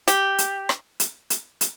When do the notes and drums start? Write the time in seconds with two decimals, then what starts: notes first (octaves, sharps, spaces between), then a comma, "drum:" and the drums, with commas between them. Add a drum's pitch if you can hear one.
0.08 G4, drum: hi-hat
0.38 drum: hi-hat
0.69 drum: rim click
1.00 drum: hi-hat
1.30 drum: hi-hat
1.61 drum: hi-hat